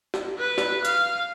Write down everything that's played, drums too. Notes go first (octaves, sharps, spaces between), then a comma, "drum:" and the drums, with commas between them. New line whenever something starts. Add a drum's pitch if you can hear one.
drum: snare
B4
drum: snare
F5, drum: hi-hat